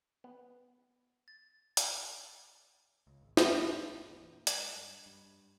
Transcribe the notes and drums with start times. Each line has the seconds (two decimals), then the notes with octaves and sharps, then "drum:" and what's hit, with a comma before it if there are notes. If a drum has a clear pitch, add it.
0.24 B3
1.28 A6
1.77 drum: hi-hat
3.07 C#2
3.22 G#1
3.37 D2, drum: snare
3.56 G2
3.73 A#2
3.92 G1
4.09 E2
4.23 A#2
4.47 G#3, drum: hi-hat
4.77 G2
5.06 G2